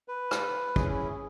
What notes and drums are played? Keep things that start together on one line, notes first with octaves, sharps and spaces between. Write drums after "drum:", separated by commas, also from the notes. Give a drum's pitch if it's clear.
B4
drum: rim click
C#4 E4 G#4, drum: kick